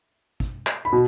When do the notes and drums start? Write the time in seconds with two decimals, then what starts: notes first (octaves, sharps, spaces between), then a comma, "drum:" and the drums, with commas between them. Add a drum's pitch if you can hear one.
0.40 drum: kick
0.67 drum: clap
0.85 B5
0.93 B2